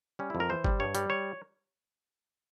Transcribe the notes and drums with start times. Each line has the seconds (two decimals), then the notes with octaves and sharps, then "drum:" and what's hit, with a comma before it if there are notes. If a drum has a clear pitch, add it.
0.19 G3 C#4
0.30 F2 E4
0.40 A#4
0.49 E3 C5
0.64 G3, drum: kick G1
0.80 G2 C#5
0.95 G3, drum: hi-hat
1.10 C#5